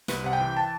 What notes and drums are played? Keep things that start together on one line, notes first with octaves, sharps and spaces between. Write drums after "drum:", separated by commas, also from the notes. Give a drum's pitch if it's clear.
C2 B4, drum: snare
C3 F#5
G5
E3
A5